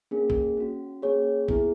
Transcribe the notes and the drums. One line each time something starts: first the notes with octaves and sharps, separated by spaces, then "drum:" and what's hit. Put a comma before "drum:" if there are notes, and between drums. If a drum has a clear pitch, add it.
A#3 C#4 G#4
drum: kick
C#4 F#4
A#3 C#4 G#4 C#5
B3 E4 G#4, drum: kick